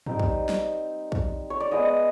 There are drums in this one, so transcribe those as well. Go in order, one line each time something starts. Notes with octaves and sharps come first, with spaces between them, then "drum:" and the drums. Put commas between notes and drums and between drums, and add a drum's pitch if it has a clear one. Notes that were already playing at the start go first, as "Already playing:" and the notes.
G3 C4 D#4, drum: tom
drum: kick
drum: snare
drum: kick
C#5
D5
G#3 B3 E4 D#5